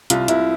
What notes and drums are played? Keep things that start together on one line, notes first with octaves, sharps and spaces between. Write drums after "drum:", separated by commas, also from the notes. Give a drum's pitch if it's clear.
C2 F4, drum: hi-hat
C2 E4, drum: hi-hat